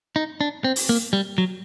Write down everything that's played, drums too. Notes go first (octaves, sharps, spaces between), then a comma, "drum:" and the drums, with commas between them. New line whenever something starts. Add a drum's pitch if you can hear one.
D#4
D4
C4
drum: open hi-hat
A#3
G3
F#3